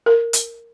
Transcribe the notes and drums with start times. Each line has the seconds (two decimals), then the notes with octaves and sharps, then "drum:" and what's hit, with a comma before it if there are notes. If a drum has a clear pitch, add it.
0.06 A#4
0.33 drum: hi-hat